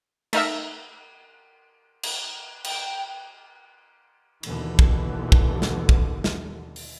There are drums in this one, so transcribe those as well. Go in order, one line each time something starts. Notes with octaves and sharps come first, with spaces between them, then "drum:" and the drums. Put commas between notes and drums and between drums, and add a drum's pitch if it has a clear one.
A3 D#4 A#4 E5, drum: cymbal
drum: cymbal
G5, drum: cymbal
D#2 B2 D3 E3, drum: cymbal
drum: kick
drum: kick
drum: snare
drum: kick
drum: snare
drum: open hi-hat